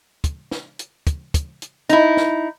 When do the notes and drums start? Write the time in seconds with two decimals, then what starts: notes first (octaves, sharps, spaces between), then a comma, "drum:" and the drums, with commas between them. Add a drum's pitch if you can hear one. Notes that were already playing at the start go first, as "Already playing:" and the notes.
0.24 drum: kick, hi-hat
0.51 drum: snare
0.79 drum: hi-hat
1.07 drum: kick, hi-hat
1.34 drum: kick, hi-hat
1.62 drum: hi-hat
1.89 D#4 E4, drum: hi-hat
2.17 drum: snare